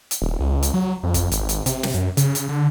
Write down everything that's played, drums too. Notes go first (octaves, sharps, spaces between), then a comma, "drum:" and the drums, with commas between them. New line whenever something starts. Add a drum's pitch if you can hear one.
drum: hi-hat
D#1
C#2
drum: hi-hat
F#3
F2
drum: kick, hi-hat
G#1, drum: hi-hat
drum: hi-hat
C3, drum: hi-hat
drum: snare
F#2
C#3, drum: hi-hat
drum: hi-hat
D3